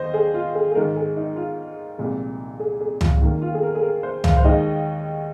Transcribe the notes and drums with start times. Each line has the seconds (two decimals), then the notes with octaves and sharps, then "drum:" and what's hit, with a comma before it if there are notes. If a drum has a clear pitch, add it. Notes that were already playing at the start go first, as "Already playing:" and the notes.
Already playing: D#2 C5 D#5
0.14 G#4
0.34 F4
0.55 G#4
0.71 G#4
0.75 G#2 D#3 G#3 A#4
0.96 G#4
1.16 D#4
1.36 F4
1.98 C2 A#2 F3 G#3
2.60 G#4
2.80 G#4
3.01 F4, drum: tom C#2
3.21 D#2 D#3 A#3
3.42 F4
3.54 G#4
3.63 A#4
3.75 G#4
3.83 A#4
4.03 C5
4.24 F5, drum: tom C#2
4.37 C5
4.44 D#2 D#3 G#3 D#5